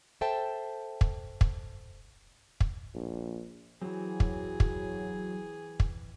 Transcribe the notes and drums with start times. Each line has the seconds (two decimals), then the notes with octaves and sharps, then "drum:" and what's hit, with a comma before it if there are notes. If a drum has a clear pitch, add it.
0.21 A4 C5 E5 G5 A5
1.01 drum: kick
1.41 drum: kick
2.60 drum: kick
2.95 A#1
3.82 E3 F#3 C4 G#4
4.20 drum: kick
4.60 drum: kick
5.80 drum: kick